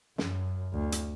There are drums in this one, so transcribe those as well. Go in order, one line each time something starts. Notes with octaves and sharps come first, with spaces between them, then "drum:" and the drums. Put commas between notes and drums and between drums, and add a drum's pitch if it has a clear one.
F#2, drum: snare
D2
drum: hi-hat